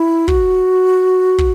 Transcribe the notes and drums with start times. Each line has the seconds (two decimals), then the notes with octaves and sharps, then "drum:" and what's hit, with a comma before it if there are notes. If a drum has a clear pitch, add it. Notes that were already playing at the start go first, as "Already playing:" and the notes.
Already playing: E4
0.28 F#4, drum: kick
1.38 drum: kick